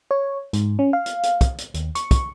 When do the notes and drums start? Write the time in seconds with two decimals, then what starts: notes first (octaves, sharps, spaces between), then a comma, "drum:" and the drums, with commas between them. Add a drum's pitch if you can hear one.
0.11 C#5
0.53 G#2, drum: hi-hat
0.79 C#4
0.93 F5
1.06 drum: hi-hat
1.23 drum: hi-hat
1.41 drum: kick, hi-hat
1.58 drum: hi-hat
1.74 D#2, drum: hi-hat
1.95 C#6, drum: hi-hat
2.11 drum: kick, hi-hat